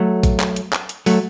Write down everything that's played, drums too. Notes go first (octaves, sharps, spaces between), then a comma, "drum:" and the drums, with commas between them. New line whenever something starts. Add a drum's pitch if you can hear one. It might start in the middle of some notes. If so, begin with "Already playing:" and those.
Already playing: F#3 A3
drum: kick, hi-hat
drum: clap
drum: hi-hat
drum: clap
drum: hi-hat
F#3 A3, drum: open hi-hat